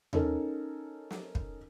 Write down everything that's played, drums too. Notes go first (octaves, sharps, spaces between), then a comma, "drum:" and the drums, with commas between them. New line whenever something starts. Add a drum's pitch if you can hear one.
C#4 D#4 A4 A#4, drum: tom D#2
drum: snare
drum: kick